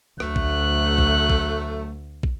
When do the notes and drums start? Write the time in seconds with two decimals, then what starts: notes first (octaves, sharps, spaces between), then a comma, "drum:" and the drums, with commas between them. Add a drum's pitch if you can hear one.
0.20 D2 F#3 A3 F#6, drum: rim click
0.36 drum: kick
0.98 drum: kick
1.30 drum: kick
2.23 drum: kick